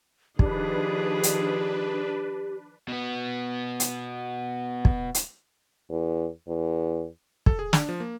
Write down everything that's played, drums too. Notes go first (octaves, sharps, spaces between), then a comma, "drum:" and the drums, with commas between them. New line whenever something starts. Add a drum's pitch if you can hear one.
D#3 F3 D4 G4 G#4 B4, drum: kick
drum: hi-hat
B2 B3
drum: hi-hat
drum: kick
drum: hi-hat
E2
E2
A4, drum: kick
G#4
D4, drum: snare
F3
A#3